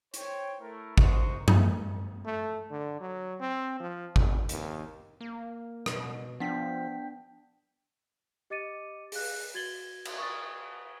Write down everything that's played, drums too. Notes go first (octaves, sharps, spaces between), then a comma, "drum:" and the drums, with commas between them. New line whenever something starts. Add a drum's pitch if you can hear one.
C5 C#5 G5, drum: hi-hat
A3 E4 A#4
G#3 D#4 F#4 A#4 C5 C#6, drum: kick G#1
drum: tom F#2
A3
D3
F#3
C4
F3
G1, drum: kick G#1
D#2, drum: hi-hat
A#3
B2, drum: rim click
F3 B3 D4 G5 B6
G4 D#5 D6 A6 C#7 D#7
G#4 F#6, drum: open hi-hat
F#4 G#6 A6 F#7 G7
drum: cymbal
C#6 D#6 A6